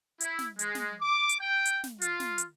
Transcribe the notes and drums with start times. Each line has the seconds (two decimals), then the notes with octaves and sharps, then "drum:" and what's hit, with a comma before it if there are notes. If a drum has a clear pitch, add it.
0.21 E4, drum: hi-hat
0.39 drum: snare
0.59 G#3, drum: hi-hat
0.75 drum: snare
1.01 D6
1.29 drum: hi-hat
1.40 G5
1.65 drum: hi-hat
1.84 drum: snare
2.02 F4, drum: hi-hat
2.20 drum: snare
2.38 drum: hi-hat